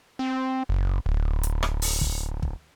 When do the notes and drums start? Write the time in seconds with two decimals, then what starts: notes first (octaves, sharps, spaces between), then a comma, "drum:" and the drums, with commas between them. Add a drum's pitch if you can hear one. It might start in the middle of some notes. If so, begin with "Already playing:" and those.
0.19 C4
0.69 F#1
1.06 D1
1.43 drum: hi-hat
1.63 drum: rim click
1.82 drum: open hi-hat
2.01 drum: kick
2.43 drum: kick